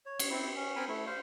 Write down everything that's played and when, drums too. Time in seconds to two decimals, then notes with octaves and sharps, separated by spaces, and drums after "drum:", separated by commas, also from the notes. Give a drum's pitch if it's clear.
0.06 C#5
0.19 drum: cymbal
0.30 C4 E4
0.56 C#4
0.76 C4 A#4 G#5 B5
0.88 A3 E4
1.07 C5 F5